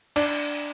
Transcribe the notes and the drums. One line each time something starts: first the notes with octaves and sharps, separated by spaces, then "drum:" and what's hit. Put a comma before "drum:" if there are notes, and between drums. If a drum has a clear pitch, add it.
D4, drum: cymbal